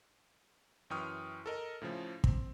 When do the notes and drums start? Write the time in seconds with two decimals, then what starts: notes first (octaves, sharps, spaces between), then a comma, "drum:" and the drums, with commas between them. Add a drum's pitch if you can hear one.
0.90 F#2 E3 G5 C#6 D#6 F6
1.46 A4 A#4 D#5
1.81 A2 C#3 F3
2.24 C4, drum: kick